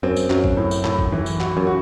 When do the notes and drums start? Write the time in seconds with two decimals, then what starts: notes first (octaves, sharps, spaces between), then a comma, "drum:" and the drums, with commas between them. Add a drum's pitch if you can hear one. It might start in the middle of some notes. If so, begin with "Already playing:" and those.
0.03 F#2 C4
0.16 drum: tambourine
0.30 F#2 F#3, drum: clap
0.44 drum: kick
0.57 A2
0.71 drum: tambourine
0.84 A2, drum: clap
0.99 drum: kick
1.12 E3
1.26 drum: tambourine
1.40 F#4, drum: clap
1.57 F#2
1.67 F#4